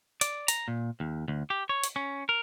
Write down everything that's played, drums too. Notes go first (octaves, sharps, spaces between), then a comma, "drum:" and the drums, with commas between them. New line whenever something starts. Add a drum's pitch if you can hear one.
D5, drum: hi-hat
A#5, drum: hi-hat
A#2
D#2
D2
G4
C#5
drum: hi-hat
C#4
A#4